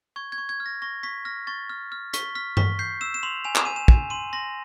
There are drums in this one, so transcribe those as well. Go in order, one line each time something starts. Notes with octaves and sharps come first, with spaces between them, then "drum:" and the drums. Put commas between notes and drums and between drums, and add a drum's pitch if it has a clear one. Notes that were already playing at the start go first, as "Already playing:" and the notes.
C#6 G#6
G#6
C#6
G#6
F6
A#6
C#6 A#6
C#6 B6
F6 A#6
C#6 A6
F6
F6
C#6 B6, drum: hi-hat
F6 B6
C#6 B6, drum: tom G2
G6 C7
E6 E7
E7
C6 F7
G#5 F7
E7, drum: clap
G#5 D#7
E7
G#5, drum: kick
C6 D#7
C6 A#6